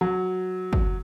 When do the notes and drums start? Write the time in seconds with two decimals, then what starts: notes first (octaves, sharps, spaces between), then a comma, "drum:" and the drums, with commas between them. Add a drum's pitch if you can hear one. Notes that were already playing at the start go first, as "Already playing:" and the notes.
0.01 F#3
0.73 drum: kick